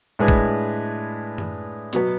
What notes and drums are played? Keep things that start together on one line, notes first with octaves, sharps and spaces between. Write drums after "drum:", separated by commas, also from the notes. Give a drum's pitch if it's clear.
A2 G#3 D4 G#4 B4
drum: kick
drum: tom F#2
B2 F#3 B3, drum: hi-hat